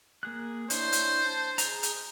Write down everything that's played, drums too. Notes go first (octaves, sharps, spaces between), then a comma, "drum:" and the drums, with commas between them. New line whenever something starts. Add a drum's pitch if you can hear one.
A#3 G#4 F#6
D4 E4 C5 C#5, drum: hi-hat
drum: hi-hat
A5
G#4 A#5, drum: hi-hat
drum: hi-hat